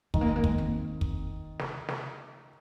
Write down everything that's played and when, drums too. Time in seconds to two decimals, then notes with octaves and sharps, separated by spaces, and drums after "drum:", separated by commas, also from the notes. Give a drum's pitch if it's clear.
0.14 D#3 G#3, drum: kick
0.21 A#3
0.28 G#3
0.36 A#3
0.44 G#3, drum: kick
0.58 C4
1.01 drum: kick
1.59 drum: snare
1.89 drum: snare